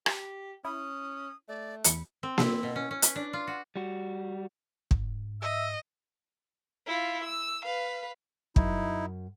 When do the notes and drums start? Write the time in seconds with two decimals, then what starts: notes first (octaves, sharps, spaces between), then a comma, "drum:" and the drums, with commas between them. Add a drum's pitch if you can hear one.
0.06 G4, drum: rim click
0.65 C#4 E4 D#6
1.48 A3 D5
1.84 E2 B5 C#7, drum: hi-hat
2.23 C4
2.38 E4, drum: snare A#3
2.63 B2
2.76 C#4
2.91 C#4
3.02 B4, drum: hi-hat
3.16 D4
3.33 F4
3.47 F#4
3.76 G3 F#4
4.91 G#2, drum: kick
5.42 D#5 E5 E6
6.87 E4 F4
7.24 E6
7.65 B4 F5
8.56 F#2 D#4 E4, drum: kick